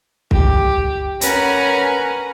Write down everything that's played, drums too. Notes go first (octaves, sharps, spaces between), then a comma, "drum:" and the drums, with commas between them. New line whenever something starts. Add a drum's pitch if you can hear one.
G4, drum: kick
C#4 A#4 B4 F#5 G#5 A#5, drum: hi-hat